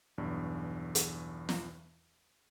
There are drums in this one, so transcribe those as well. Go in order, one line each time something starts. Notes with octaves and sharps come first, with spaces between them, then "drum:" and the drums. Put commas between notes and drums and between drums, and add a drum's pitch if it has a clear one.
B1 E2 G2
drum: hi-hat
drum: snare